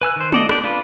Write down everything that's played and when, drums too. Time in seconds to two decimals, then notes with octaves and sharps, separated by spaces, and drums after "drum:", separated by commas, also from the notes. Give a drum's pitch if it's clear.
0.01 B4 G#5 E6 F#6
0.16 D#3 C5
0.32 A4 D5 D#5, drum: tom G#3
0.49 D4 G4 D5, drum: rim click
0.64 D4 F4 B4